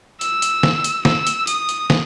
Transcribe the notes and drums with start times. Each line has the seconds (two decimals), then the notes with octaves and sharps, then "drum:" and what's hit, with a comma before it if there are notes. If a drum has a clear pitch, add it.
0.21 E6, drum: hi-hat
0.42 drum: hi-hat
0.63 drum: snare
0.84 drum: hi-hat
1.05 E6, drum: snare
1.27 drum: hi-hat
1.47 D#6, drum: hi-hat
1.69 drum: hi-hat
1.90 drum: snare